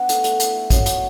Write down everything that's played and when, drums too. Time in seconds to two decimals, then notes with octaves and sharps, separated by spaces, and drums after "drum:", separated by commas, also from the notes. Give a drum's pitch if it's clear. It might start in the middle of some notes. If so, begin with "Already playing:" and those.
Already playing: B3 D4
0.09 A3, drum: hi-hat
0.24 A3, drum: hi-hat
0.40 E4, drum: hi-hat
0.55 A3
0.70 F#3, drum: kick, hi-hat
0.86 A3, drum: hi-hat